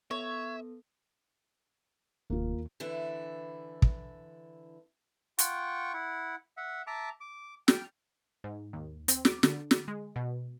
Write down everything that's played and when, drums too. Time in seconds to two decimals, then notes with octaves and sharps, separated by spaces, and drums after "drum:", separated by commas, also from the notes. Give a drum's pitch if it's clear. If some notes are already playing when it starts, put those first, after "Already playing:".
0.11 B3 A4 C#5 E5
2.30 F1 D#2 A#3 F4
2.80 D3 E3 D4 E4
3.82 drum: kick
5.39 F4 F#5 G5 C#6, drum: hi-hat
5.93 E4 F#5
6.57 E5 F#5
6.87 E5 A5 A#5 D6
7.21 D6
7.68 G5 F6, drum: snare
8.44 G#2
8.73 D#2
9.08 C4, drum: hi-hat
9.25 D6, drum: snare
9.43 D3, drum: snare
9.71 drum: snare
9.88 G#3
10.16 B2